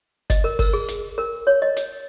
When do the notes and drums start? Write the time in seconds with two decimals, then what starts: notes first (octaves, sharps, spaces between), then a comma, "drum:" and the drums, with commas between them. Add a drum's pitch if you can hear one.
0.30 D#5, drum: kick F#1, hi-hat
0.44 A#4
0.59 A#4, drum: kick F#1, open hi-hat
0.73 G#4
0.88 drum: hi-hat
1.18 A#4
1.47 C#5
1.62 D#5
1.77 drum: hi-hat